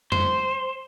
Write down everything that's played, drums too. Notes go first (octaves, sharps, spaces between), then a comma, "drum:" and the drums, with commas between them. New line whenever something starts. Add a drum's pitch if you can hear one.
C5, drum: tom F2